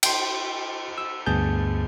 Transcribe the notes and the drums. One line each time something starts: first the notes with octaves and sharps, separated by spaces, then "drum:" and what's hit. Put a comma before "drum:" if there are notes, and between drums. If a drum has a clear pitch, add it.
G5 C6, drum: cymbal
E6
D2 G2 B3 G#4 A5 G6